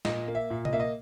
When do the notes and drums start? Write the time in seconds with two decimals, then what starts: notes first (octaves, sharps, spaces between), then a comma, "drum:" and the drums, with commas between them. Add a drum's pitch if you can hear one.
0.05 A#2 D#5, drum: snare
0.28 A#3
0.35 E5
0.50 A#2
0.65 D#5, drum: tom C3
0.73 A#3 E5
0.80 D#5